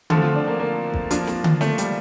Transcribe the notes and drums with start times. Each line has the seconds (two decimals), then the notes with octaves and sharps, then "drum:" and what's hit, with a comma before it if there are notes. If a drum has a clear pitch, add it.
0.10 D3 F3 A3 C4 A4, drum: tom D3
0.22 F4
0.35 D4
0.47 A#3
0.59 A#3
0.94 drum: kick
1.11 F3 A#3 D4 F4, drum: hi-hat
1.27 drum: snare
1.44 drum: tom D3
1.61 A3, drum: snare
1.78 G3, drum: hi-hat